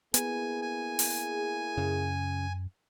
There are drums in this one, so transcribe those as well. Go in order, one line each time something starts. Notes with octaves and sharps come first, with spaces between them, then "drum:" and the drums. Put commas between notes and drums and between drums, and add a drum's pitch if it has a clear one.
A#3 B3 E4 G#4 G#5, drum: hi-hat
G#5
drum: open hi-hat
F#2 C#3